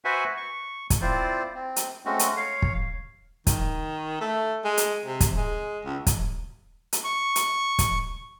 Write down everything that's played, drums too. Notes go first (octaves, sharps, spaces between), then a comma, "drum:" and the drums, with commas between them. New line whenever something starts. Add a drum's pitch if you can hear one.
F#4 B4 C5 E5 F#5 G#5
C#6
drum: kick, hi-hat
C4 E4 F4 C5 D5
C4
drum: hi-hat
G#3 A3 C4 C#4 F#4
drum: hi-hat
C#5 F5
drum: kick
D#3, drum: kick, hi-hat
A3
G#3
drum: hi-hat
C3
drum: kick, hi-hat
G#3
C#2
drum: kick, hi-hat
drum: hi-hat
C#6
drum: hi-hat
drum: kick, hi-hat